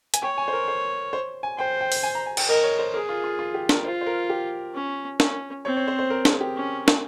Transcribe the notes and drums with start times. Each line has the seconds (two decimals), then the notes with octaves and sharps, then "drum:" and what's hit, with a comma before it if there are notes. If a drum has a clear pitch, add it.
0.14 G#5, drum: hi-hat
0.22 C#5 G5
0.38 G#5
0.48 C5
0.53 A#4
0.68 C5
1.13 C5
1.43 G#5
1.58 C5 G5
1.81 G5
1.92 drum: open hi-hat
2.03 G#5
2.15 A#5
2.26 G#5
2.37 G5, drum: cymbal
2.48 A#4 D#5
2.64 C#5
2.79 C5
2.94 G#4 A#4
3.09 F4
3.24 F4
3.39 F4
3.54 G4
3.69 A#4, drum: snare
3.84 F4 C5
4.01 C5
4.07 A#4
4.30 G4
4.75 C#4
5.20 C#4, drum: snare
5.65 C4 C#5
5.76 C#5
5.88 C5
5.99 C5
6.10 A#4
6.25 G#4, drum: snare
6.41 G4
6.56 C#4
6.88 drum: snare